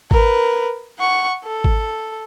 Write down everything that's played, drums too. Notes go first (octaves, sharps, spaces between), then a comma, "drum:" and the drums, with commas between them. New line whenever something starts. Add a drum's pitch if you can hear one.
A#4 B4, drum: kick G#1
F#5 C#6
A4
drum: kick G#1